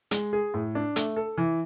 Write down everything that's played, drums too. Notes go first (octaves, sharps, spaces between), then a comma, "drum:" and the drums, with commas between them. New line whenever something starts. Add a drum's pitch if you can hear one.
G#3, drum: hi-hat
G#4
A2
D4
A3, drum: hi-hat
A4
E3